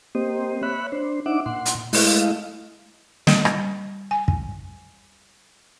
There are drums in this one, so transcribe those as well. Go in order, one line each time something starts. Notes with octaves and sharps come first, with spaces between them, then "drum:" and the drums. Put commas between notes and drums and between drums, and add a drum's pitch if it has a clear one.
A#3 C4 G4 C5 D#5
C#5 E5 B5 F#6
D4 C5
D4 D#4 E5 F#5 D6
A#2 F#5 C6
drum: hi-hat
G#3 A3 E4 D#5 F5, drum: open hi-hat
G3, drum: snare
drum: rim click
G#5
drum: kick